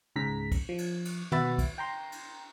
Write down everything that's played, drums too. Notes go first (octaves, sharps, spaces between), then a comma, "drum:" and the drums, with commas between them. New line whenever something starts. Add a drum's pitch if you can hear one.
C#2 G#2 C#3 A#5 B6
drum: kick, cymbal
F3
drum: cymbal
drum: cymbal
B2 F#4 B4 E5 B5 A6, drum: tom
drum: kick, cymbal
G5 A#5 C6
drum: cymbal